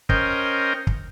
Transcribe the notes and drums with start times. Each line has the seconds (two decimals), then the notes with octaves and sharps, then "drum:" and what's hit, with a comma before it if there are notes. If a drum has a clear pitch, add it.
0.09 C#4 A#4 C5 D#5 G5, drum: kick
0.87 drum: kick